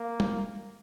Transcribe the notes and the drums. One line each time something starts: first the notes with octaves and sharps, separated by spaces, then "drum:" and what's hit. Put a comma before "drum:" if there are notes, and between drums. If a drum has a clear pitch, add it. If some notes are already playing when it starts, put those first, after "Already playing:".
Already playing: A#3
drum: tom